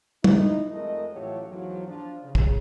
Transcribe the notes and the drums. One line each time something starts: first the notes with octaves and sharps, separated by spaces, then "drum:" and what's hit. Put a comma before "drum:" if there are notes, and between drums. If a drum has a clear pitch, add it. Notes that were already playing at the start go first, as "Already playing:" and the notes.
D#4 E4, drum: tom
F2 G#3 A3 A#4 D#5
A1 F#3 A3 F4 G4 C#5
E2 G#2 F3 F#3
F3 D4 F4
C#3
drum: kick